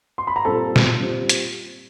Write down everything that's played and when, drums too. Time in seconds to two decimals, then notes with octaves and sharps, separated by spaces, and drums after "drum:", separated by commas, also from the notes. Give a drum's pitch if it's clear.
0.18 C6
0.27 B5
0.36 A#5
0.45 A#2 G3 C4 A4 A5
0.76 drum: snare
0.98 A#2 G3 C4
1.29 drum: hi-hat